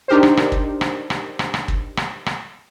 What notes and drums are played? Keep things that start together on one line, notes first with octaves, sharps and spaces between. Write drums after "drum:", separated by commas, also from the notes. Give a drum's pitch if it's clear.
D4 D#4 G4 A#4 C5
drum: rim click
drum: rim click
drum: kick
drum: rim click
drum: rim click
drum: rim click
drum: rim click
drum: kick
drum: rim click
drum: rim click